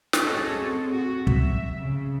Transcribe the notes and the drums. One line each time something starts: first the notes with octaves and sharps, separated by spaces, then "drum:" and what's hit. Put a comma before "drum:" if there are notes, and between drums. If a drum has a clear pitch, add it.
drum: snare
C#4 F#4 G#4 A4 C#5 D#5
C4
F#4
E5, drum: kick
C#3